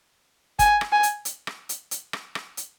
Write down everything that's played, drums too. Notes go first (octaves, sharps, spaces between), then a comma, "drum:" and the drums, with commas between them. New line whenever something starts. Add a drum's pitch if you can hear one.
G#5, drum: kick G1, hi-hat
drum: rim click
G#5
drum: hi-hat
drum: hi-hat
drum: rim click
drum: hi-hat
drum: hi-hat
drum: rim click
drum: rim click
drum: hi-hat